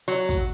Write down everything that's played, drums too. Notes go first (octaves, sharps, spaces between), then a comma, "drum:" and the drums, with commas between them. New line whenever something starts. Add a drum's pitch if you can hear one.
F#3, drum: hi-hat
drum: kick, hi-hat